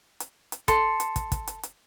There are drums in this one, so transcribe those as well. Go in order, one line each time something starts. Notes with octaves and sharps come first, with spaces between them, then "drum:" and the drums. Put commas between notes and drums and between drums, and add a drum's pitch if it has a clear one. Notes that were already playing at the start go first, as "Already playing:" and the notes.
drum: hi-hat
drum: hi-hat
A4 C6, drum: kick, hi-hat
drum: hi-hat
drum: kick, hi-hat
drum: kick, hi-hat
drum: hi-hat
drum: hi-hat